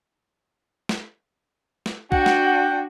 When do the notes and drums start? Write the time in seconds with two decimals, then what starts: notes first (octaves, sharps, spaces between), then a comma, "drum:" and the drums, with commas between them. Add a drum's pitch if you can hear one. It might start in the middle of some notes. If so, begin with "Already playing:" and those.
0.89 drum: snare
1.86 drum: snare
2.12 D4 F#4 F#5 G5, drum: kick
2.26 drum: snare